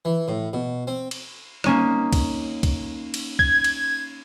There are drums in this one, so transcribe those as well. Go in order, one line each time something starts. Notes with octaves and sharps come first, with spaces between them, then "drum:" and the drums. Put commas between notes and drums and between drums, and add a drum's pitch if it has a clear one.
E3
A2
B2
C4
drum: cymbal
A#3 C#4 D#4, drum: rim click
drum: kick, cymbal
drum: kick, cymbal
drum: cymbal
G#6, drum: kick
drum: cymbal